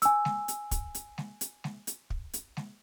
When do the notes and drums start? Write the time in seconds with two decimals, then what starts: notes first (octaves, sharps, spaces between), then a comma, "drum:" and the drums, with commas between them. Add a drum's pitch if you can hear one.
0.02 G#5 E6, drum: hi-hat
0.25 drum: snare G#3
0.48 drum: hi-hat
0.71 drum: kick, hi-hat
0.95 drum: hi-hat
1.18 drum: snare G#3
1.41 drum: hi-hat
1.64 drum: snare G#3
1.87 drum: hi-hat
2.10 drum: kick
2.33 drum: hi-hat
2.57 drum: snare G#3